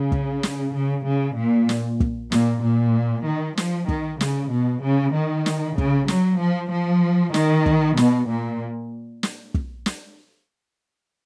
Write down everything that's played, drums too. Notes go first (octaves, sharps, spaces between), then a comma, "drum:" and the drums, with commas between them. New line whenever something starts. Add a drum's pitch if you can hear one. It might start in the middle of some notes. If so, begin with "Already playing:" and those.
Already playing: C#3
drum: kick
drum: snare
C#3
C#3
A#2
drum: snare
drum: kick
A#2, drum: snare
A#2
D#3
F3, drum: snare
D#3, drum: kick
C#3, drum: snare
B2
C#3
D#3
drum: snare
C#3, drum: kick
F#3, drum: snare
F3
F3
D#3, drum: snare
drum: kick
B2, drum: snare
A#2
drum: snare
drum: kick
drum: snare